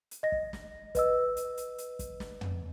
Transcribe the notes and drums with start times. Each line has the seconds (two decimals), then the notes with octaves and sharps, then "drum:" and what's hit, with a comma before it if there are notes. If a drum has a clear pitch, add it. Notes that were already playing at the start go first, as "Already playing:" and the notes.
0.11 drum: hi-hat
0.23 D#5 A#6
0.32 drum: kick
0.53 drum: snare
0.95 B4 D#5 E6, drum: kick, hi-hat
1.37 drum: hi-hat
1.57 drum: hi-hat
1.78 drum: hi-hat
1.99 drum: kick, hi-hat
2.20 drum: snare
2.41 drum: tom